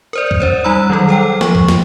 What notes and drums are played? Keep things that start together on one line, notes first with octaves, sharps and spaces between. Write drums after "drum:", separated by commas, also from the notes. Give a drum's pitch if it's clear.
A#4 C5 D5
drum: kick
C#4 C5 C#5
G3 D#4 A#5 B5 E6
D#3 F#3 G3 A4
A4 C5 G5
F3 C#6, drum: snare
drum: kick
drum: snare